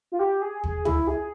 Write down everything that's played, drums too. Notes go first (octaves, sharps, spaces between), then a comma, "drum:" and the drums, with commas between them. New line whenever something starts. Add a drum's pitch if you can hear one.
F4
G4
G#4
G#4, drum: kick
E4, drum: tom
G#4